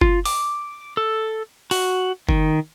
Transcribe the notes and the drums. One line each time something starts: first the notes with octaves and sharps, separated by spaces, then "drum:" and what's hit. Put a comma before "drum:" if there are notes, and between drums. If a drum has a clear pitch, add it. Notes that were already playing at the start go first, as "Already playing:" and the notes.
F4, drum: kick F#1
D6, drum: open hi-hat
A4
F#4, drum: open hi-hat
D#3, drum: kick F#1